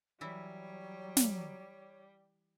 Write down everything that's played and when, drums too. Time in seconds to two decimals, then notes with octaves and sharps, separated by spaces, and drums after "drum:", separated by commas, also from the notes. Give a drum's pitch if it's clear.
0.21 E3 F#3 G3 E4 C#5
1.17 drum: snare